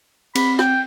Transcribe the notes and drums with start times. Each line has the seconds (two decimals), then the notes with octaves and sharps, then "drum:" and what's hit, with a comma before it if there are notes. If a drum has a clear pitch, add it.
0.35 C4 B5, drum: cymbal
0.59 G5, drum: rim click